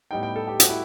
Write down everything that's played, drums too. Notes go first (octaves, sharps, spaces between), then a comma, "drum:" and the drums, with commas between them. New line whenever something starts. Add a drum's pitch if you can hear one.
A2 G3 B3 D#4 G5
G5
A4
G4
F#4, drum: hi-hat
E4